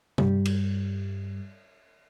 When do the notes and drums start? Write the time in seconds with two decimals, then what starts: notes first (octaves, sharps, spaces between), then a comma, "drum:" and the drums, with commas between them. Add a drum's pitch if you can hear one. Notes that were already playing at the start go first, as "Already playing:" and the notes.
0.18 G2 G3, drum: tom C3
0.45 drum: cymbal